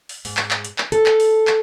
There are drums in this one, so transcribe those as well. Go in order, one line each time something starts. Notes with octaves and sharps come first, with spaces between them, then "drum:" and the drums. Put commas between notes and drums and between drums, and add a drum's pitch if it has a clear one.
drum: open hi-hat
G#2, drum: open hi-hat
drum: clap
drum: clap
drum: hi-hat
drum: clap
A4, drum: hi-hat
drum: clap
drum: open hi-hat
drum: clap